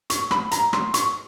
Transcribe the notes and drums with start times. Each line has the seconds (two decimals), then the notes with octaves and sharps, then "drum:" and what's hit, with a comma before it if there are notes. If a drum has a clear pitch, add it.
0.10 C#6, drum: hi-hat
0.31 B5, drum: rim click
0.51 A#5, drum: hi-hat
0.73 C6, drum: rim click
0.94 C#6, drum: hi-hat